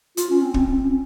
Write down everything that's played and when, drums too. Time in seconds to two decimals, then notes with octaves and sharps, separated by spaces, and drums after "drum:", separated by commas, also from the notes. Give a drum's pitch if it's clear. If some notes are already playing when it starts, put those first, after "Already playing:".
0.17 F4, drum: hi-hat
0.30 C#4
0.41 C4
0.54 C4, drum: kick
0.67 C4
0.82 C#4